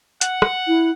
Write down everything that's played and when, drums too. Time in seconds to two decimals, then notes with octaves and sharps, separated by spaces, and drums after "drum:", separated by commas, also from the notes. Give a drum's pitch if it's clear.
0.21 F#5, drum: hi-hat
0.42 drum: rim click
0.67 E4